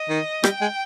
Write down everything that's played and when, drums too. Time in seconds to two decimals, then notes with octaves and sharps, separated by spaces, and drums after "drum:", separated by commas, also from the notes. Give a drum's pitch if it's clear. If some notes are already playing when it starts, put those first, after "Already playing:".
Already playing: D#5
0.09 D#3
0.44 G3 G5, drum: rim click
0.61 G#3